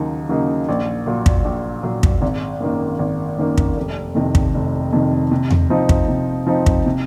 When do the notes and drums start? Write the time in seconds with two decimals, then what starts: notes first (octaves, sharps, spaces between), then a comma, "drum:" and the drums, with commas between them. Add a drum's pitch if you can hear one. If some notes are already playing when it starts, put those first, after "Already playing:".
Already playing: D#2 C#3 F#3 A#3 D#4
0.29 C#3 F#3 A#3 D#4
0.69 A#1
1.06 A#2 F#3
1.26 drum: kick
1.45 A#1
1.83 A#2 F#3
2.03 drum: kick
2.22 G#1
2.61 F#2 D#3 A#3
2.99 G#1
3.38 F#2 D#3 A#3
3.57 drum: kick
3.76 F1
4.15 F2 C3 D#3
4.35 drum: kick
4.55 F1
4.92 F2 C3 D#3
5.31 C3
5.51 drum: tom E2
5.70 F3 C4 D#4
5.89 drum: kick
6.08 C3
6.47 F3 C4 D#4
6.66 drum: kick
6.86 C3